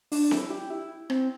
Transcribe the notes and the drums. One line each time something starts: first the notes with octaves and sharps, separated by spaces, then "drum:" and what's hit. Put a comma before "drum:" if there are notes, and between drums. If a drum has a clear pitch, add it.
D4, drum: open hi-hat
E4, drum: snare C4
G4
E4
C4, drum: rim click